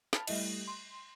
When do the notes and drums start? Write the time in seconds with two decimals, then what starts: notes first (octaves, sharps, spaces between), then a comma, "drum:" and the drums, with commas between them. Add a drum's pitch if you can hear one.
0.13 A5 B5 F6, drum: snare
0.27 G3 A3 E4 D#5, drum: cymbal
0.67 C6